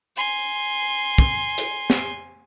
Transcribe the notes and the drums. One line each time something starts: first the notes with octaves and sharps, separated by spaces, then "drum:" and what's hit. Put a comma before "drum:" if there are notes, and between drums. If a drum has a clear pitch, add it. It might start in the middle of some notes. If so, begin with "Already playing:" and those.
G#5 C6
drum: kick
drum: hi-hat
drum: snare